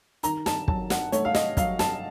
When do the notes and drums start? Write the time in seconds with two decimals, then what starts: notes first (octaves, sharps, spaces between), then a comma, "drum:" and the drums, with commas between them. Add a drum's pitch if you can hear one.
0.23 D#3 A#5, drum: hi-hat
0.46 A5, drum: snare
0.68 F#3 A5, drum: kick
0.90 F#5, drum: snare
1.12 A3 C#5, drum: hi-hat
1.25 F5
1.35 D#5, drum: snare
1.57 F#3 F5, drum: kick, hi-hat
1.79 A5, drum: snare